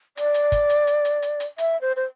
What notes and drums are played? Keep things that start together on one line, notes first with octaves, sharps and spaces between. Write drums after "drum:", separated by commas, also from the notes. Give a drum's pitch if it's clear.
D5, drum: hi-hat
drum: hi-hat
drum: kick, hi-hat
drum: hi-hat
drum: hi-hat
drum: hi-hat
drum: hi-hat
drum: hi-hat
E5, drum: hi-hat
C5
C5